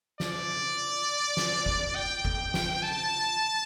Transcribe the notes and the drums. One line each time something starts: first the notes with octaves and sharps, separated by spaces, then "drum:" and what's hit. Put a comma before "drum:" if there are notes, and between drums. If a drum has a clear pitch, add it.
D5, drum: snare
drum: snare
drum: kick G1
G5
drum: kick G1
drum: snare
A5